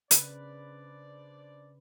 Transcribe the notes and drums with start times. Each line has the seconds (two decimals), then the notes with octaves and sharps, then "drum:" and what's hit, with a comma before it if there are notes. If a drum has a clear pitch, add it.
0.11 C#3 D4 B4 C5 D5, drum: hi-hat